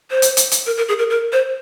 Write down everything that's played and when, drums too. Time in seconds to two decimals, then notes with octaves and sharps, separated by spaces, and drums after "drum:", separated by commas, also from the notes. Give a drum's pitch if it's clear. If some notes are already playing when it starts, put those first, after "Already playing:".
0.11 C5
0.22 drum: hi-hat
0.37 drum: hi-hat
0.52 drum: hi-hat
0.66 A#4
0.77 A#4
0.89 G#4
0.99 A#4
1.10 A#4
1.32 C5